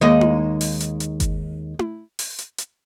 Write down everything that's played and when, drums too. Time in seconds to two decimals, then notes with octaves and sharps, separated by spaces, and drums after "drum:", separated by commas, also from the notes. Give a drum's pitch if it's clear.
0.01 D#2 G#3 D#4
0.21 drum: tom E4
0.61 drum: open hi-hat
0.80 drum: hi-hat
1.00 drum: hi-hat
1.20 drum: kick G1, hi-hat
1.79 drum: tom E4
2.19 drum: open hi-hat
2.39 drum: hi-hat
2.58 drum: hi-hat